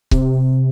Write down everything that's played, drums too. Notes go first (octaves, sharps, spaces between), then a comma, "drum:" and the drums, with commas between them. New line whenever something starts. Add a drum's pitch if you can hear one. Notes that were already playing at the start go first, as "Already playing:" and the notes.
C3, drum: kick C#1